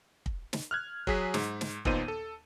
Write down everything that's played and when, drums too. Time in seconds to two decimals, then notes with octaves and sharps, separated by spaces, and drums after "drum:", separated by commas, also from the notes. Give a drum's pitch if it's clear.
0.26 drum: kick
0.53 drum: snare
0.71 F6 F#6 G#6
1.07 F#3 G#4 B6, drum: kick
1.34 G#2, drum: snare
1.61 drum: snare
1.85 D#2 A#2 B3 D#4 C5 D#7, drum: kick
2.08 A4